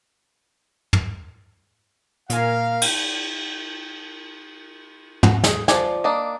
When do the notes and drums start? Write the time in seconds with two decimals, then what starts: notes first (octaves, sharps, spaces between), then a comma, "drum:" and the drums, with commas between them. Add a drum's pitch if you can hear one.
0.93 drum: tom
2.30 A#2 A#3 A#4 F5 G#5, drum: hi-hat
2.82 drum: cymbal
5.23 F#4, drum: tom
5.44 G#4, drum: snare
5.68 F3 D5 G#5, drum: snare
6.04 A#3 D4 D#5